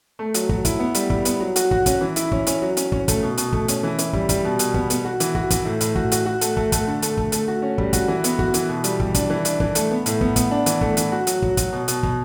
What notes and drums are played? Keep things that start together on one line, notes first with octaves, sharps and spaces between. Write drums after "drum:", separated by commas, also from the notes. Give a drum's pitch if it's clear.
A3
F#3, drum: hi-hat
F#3, drum: kick
E4, drum: kick, hi-hat
B3
G3, drum: hi-hat
G3, drum: kick
B3, drum: hi-hat
F#3
F#4, drum: hi-hat
F#4, drum: kick
C#4, drum: kick, hi-hat
E3
E4, drum: hi-hat
C#4, drum: kick
C#4, drum: hi-hat
F#3
C#4, drum: hi-hat
C#4, drum: kick
A3, drum: kick, hi-hat
B2
B2, drum: hi-hat
A3, drum: kick
C#4, drum: hi-hat
E3
E3, drum: hi-hat
G3, drum: kick
G3, drum: kick, hi-hat
B2
B2, drum: hi-hat
B3, drum: kick
B3, drum: hi-hat
F#4
E3, drum: hi-hat
F#4, drum: kick
E3, drum: kick, hi-hat
A2
A2, drum: hi-hat
F#4, drum: kick
F#4, drum: hi-hat
F#4
A3, drum: hi-hat
A3, drum: kick
A3, drum: kick, hi-hat
D3
A3, drum: hi-hat
A3, drum: kick
A3, drum: hi-hat
F#4
C#4
G3, drum: kick
F#4, drum: kick, hi-hat
E3
B3, drum: hi-hat
F#4, drum: kick
E3, drum: hi-hat
B2
G3, drum: hi-hat
G3, drum: kick
D4, drum: kick, hi-hat
E3
D4, drum: hi-hat
E3, drum: kick
A3, drum: hi-hat
B3
A2, drum: hi-hat
B3, drum: kick
B3, drum: kick, hi-hat
D4
E3, drum: hi-hat
A3, drum: kick
E3, drum: hi-hat
F#4
F#3, drum: hi-hat
F#3, drum: kick
F#3, drum: kick, hi-hat
B2
B2, drum: hi-hat
B2, drum: kick